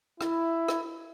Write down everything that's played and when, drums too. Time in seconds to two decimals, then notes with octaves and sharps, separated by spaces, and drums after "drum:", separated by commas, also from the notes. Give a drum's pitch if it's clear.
0.21 E4, drum: rim click
0.68 drum: rim click